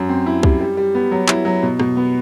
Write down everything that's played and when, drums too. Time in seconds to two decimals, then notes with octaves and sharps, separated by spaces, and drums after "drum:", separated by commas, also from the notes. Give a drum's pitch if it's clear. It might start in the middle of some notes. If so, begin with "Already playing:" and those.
Already playing: F#2
0.09 C4
0.26 E4
0.43 G3, drum: kick C2
0.60 G3
0.77 G3
0.95 B3
1.11 F#3
1.28 E4, drum: clap
1.45 F#3
1.63 B2
1.79 B2, drum: rim click
1.97 B3